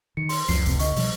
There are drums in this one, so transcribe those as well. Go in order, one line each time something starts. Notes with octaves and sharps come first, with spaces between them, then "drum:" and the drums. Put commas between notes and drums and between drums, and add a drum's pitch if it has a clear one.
D#3 C#7
C6, drum: open hi-hat
C#2 F#2 F3 C7, drum: hi-hat
F1 A#1 C3, drum: hi-hat
D3 D#5 C#6, drum: hi-hat
B2 F3 G3, drum: open hi-hat